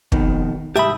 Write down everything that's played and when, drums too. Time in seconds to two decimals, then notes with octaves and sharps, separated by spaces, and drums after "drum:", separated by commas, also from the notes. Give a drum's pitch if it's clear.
0.12 F2 B2 D#3, drum: kick
0.76 C2 G#2 G4 E5 A5 B5 D#6